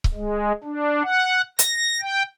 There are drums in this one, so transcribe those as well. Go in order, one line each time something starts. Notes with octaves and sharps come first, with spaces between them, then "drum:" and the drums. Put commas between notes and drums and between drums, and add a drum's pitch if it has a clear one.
drum: kick C#1
G#3
D4
F#5
A#6, drum: hi-hat
G5